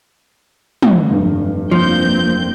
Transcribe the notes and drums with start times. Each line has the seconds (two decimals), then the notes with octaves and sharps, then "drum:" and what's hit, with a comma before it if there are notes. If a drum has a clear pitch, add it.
0.82 drum: tom
1.11 F1 G2
1.71 F3 A#3 C4 G6